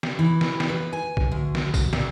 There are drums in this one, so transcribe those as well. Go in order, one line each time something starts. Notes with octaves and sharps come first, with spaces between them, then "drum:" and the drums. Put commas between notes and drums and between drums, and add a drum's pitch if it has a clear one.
drum: snare
E3
drum: snare
drum: snare
B4
G#5
drum: kick A#1
D2
drum: snare
drum: kick A#1, tambourine
A#2, drum: snare